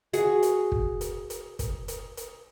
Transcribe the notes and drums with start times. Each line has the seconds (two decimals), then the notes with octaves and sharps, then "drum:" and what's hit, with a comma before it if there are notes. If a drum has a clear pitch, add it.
0.13 F#4 G#4, drum: hi-hat
0.43 drum: hi-hat
0.72 drum: kick
1.01 drum: hi-hat
1.30 drum: hi-hat
1.59 drum: kick, hi-hat
1.88 drum: hi-hat
2.17 drum: hi-hat